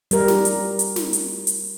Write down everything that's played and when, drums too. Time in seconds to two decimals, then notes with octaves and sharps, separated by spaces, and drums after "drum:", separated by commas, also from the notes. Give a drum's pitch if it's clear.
0.11 G3 A#4, drum: hi-hat
0.28 drum: snare
0.45 drum: hi-hat
0.79 drum: hi-hat
0.96 drum: snare
1.13 drum: hi-hat
1.47 drum: hi-hat